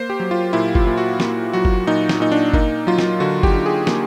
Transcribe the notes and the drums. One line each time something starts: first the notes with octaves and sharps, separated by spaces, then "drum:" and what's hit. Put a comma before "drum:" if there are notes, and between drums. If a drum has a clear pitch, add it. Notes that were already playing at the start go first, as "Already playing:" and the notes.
Already playing: A#3 C5
G4
F#3
F4
A#2 E4
F4, drum: kick G1
A#2
F#4
A#3, drum: snare
F#3 F#4
drum: kick G1
A#2 D#4
drum: snare
A#2 D#4
D4
A#3 D#4, drum: kick G1
F#3 F4
drum: snare
D3 F#4
G4, drum: kick G1
D3
G#4
A#3, drum: snare